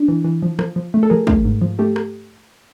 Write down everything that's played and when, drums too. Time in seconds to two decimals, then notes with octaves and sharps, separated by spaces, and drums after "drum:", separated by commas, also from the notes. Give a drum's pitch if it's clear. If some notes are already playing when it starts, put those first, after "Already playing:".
Already playing: D4
0.08 E3
0.24 E3
0.42 F3
0.59 F3, drum: rim click
0.76 F3
0.94 A3
1.03 A4
1.10 F3 G#4 A#4
1.27 A3, drum: kick
1.45 G#2
1.62 F3
1.79 A3 G4 A4
1.96 drum: rim click